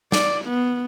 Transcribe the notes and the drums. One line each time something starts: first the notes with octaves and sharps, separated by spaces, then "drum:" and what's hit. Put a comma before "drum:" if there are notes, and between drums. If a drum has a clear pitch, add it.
D5, drum: snare
B3